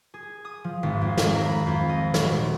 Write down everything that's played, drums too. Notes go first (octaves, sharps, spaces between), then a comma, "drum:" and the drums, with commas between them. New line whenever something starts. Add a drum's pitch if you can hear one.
G#4
D#6
F3
G#1
F2
drum: snare
A#5
B5
F2
D#5
F#4, drum: snare
D#1